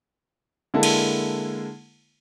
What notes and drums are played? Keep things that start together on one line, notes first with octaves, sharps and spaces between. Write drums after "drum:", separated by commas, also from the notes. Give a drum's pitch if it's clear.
D3 G#3 A#3 E4 A4 A#4
drum: cymbal